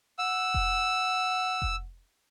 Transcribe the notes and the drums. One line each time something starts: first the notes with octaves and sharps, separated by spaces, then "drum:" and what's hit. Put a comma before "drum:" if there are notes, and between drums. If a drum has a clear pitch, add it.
F#5 E6
drum: kick F1
drum: kick F1